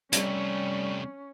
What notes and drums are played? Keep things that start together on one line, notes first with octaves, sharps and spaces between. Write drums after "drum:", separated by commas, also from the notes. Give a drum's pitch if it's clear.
C3 G3 A3 C#4, drum: hi-hat